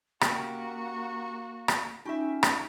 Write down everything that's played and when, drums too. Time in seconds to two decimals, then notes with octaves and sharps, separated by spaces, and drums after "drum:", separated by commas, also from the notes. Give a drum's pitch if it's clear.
0.21 C#3 A#3 F#4 G4 A#4, drum: rim click
1.68 drum: rim click
2.05 C#4 D#4 F4 G4 E5 C#6
2.43 drum: rim click